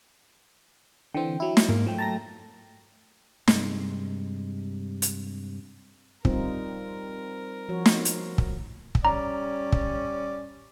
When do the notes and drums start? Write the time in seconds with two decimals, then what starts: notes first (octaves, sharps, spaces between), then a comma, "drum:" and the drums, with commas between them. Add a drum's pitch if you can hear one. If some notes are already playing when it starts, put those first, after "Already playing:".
1.15 D3 E3 C4 G5
1.40 F#3 E4
1.57 drum: snare
1.69 G#2 A#3
1.87 F3 F#3 A3 G5
1.98 A5 A#5 A#6
3.48 G2 C3 G#3, drum: snare
5.02 drum: hi-hat
6.25 G3 C4 D#4 F4 A#4, drum: kick
7.69 F3 F#4 C#5
7.86 drum: snare
8.05 drum: hi-hat
8.38 drum: kick
8.95 drum: kick
9.05 G3 C#4 D5 A#5
9.72 drum: kick